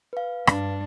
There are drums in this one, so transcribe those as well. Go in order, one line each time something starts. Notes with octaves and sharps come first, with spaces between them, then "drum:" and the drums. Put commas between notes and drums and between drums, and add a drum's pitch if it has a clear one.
B4 F5
G2 D4, drum: rim click